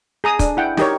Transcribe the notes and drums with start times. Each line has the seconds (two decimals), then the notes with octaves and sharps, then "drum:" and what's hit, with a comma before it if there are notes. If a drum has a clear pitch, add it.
0.24 G#4 A#5 D#6
0.39 D4, drum: kick, hi-hat
0.57 E4 F#5 G5
0.77 D#4 G4 A#4 C#5, drum: snare